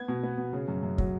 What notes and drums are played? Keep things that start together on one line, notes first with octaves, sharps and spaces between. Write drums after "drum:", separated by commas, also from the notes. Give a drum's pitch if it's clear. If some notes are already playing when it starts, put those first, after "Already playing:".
Already playing: B3 G#6
B2
B3
B2
C#3
F#2
F#2
F#3, drum: kick